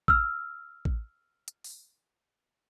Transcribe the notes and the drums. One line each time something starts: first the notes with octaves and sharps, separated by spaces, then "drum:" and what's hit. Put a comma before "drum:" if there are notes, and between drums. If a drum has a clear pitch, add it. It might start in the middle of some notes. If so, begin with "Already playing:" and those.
E6 F6, drum: kick A1
drum: kick A1
drum: hi-hat
drum: open hi-hat